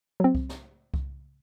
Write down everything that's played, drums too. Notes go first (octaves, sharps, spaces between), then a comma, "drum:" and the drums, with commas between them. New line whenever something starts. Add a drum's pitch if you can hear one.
F#3 C4
drum: kick C2
drum: snare
drum: kick C2